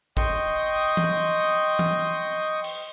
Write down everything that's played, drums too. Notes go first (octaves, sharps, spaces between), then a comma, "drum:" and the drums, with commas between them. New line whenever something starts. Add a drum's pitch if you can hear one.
D#5 G5 C6 C#6 D#6, drum: kick
drum: tom
drum: tom
drum: cymbal